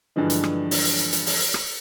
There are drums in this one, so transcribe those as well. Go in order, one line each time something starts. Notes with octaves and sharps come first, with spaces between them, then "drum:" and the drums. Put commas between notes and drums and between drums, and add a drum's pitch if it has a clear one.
G2 D3 E3 F3 G#3
drum: hi-hat
drum: rim click
drum: open hi-hat
drum: hi-hat
drum: hi-hat
drum: hi-hat
drum: open hi-hat
drum: hi-hat
drum: rim click